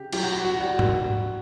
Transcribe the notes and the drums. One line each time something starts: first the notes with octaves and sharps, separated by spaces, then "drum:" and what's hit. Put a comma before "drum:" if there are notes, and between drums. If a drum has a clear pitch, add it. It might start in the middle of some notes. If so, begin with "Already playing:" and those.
Already playing: C#3 G4
F#3 G4, drum: cymbal
F#4
F#4
G3 F#4
drum: tom G#2